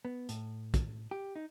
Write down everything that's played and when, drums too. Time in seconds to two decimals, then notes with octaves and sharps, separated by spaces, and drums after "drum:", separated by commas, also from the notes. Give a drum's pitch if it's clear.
0.05 B3
0.29 A2, drum: hi-hat
0.74 drum: kick, hi-hat
1.11 G4
1.36 D#4